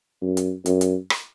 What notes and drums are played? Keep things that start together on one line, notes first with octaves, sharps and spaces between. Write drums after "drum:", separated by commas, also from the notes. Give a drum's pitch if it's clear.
F#2
drum: hi-hat
F#2, drum: hi-hat
drum: hi-hat
drum: rim click